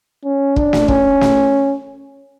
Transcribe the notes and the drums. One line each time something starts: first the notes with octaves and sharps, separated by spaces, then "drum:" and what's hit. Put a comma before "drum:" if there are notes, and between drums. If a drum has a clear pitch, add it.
C#4
D4, drum: kick
drum: snare
C#4, drum: kick
drum: snare